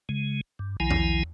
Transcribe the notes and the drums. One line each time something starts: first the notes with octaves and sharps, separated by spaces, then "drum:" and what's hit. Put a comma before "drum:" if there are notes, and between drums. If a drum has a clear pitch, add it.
C#3 G#3
G2
B1 D#3 F3 E4 G#5
drum: tom E2